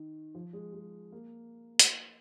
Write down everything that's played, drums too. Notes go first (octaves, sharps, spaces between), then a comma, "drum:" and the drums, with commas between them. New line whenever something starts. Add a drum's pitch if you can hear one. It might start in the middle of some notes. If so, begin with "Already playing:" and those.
Already playing: D#3
F3
G#3
G#3
A#3
drum: hi-hat